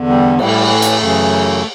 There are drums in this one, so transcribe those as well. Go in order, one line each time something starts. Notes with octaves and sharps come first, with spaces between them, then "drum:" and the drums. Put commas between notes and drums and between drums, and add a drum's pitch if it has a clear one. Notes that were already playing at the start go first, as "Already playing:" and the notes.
Already playing: E2 D3
G3
A2 E3 G3, drum: cymbal
A3
drum: hi-hat
F#2 C#3 E3